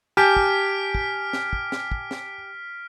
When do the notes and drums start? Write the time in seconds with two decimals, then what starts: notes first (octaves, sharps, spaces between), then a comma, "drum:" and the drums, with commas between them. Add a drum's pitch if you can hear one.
0.17 G4 G#5 A5 F6 G6 B6 D7
0.36 drum: kick
0.95 drum: kick
1.33 drum: snare
1.53 drum: kick
1.72 drum: snare
1.92 drum: kick
2.11 drum: snare